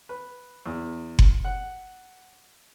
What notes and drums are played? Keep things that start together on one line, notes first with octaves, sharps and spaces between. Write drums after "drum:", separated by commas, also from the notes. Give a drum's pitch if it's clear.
B4
E2
drum: kick F#1
F#5